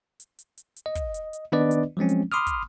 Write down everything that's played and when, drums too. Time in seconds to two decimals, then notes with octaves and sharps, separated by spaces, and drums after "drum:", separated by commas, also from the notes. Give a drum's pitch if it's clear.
0.20 drum: hi-hat
0.39 drum: hi-hat
0.58 drum: hi-hat
0.76 drum: hi-hat
0.86 D#5
0.95 drum: kick, hi-hat
1.14 drum: hi-hat
1.33 drum: hi-hat
1.52 D#3 B3 D4 B4 D5 D#5
1.71 drum: hi-hat
1.97 F3 F#3 G#3 C4 C#4
2.09 drum: hi-hat
2.32 B5 C6 D6 D#6 F6
2.47 drum: kick, hi-hat